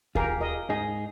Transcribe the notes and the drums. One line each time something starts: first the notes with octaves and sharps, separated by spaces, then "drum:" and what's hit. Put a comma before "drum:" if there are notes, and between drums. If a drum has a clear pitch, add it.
F4 G4 G#4 A#4, drum: kick D#2
A#4 D#5
G#2 D#4 G#4 D#5